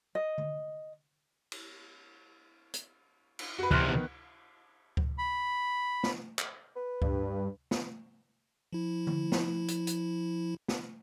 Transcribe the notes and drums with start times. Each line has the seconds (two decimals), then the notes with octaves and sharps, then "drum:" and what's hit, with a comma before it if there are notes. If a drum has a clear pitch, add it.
0.15 D#5
0.38 drum: tom D3
1.52 drum: cymbal
2.74 drum: hi-hat
3.39 drum: cymbal
3.59 F#4 B4
3.71 E2 C3 C6 F6 F#6, drum: kick C#2
3.89 D#3 B3
4.97 drum: kick C#2
5.18 B5
6.03 drum: snare
6.39 drum: clap
6.76 B4
7.02 G2, drum: kick C#2
7.71 drum: snare
8.73 F3 E4
9.07 drum: tom D3
9.32 drum: snare
9.68 drum: hi-hat
9.87 drum: hi-hat
10.68 drum: snare